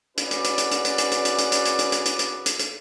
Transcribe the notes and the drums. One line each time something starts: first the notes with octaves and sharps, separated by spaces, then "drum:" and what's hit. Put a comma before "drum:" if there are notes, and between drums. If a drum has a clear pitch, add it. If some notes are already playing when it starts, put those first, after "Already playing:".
C#4 F#4 G#4 B4 D5, drum: hi-hat
drum: hi-hat
drum: hi-hat
drum: hi-hat
drum: hi-hat
drum: hi-hat
drum: hi-hat
drum: hi-hat
drum: hi-hat
drum: hi-hat
drum: hi-hat
drum: hi-hat
drum: hi-hat
drum: hi-hat
drum: hi-hat
drum: hi-hat
drum: hi-hat
drum: hi-hat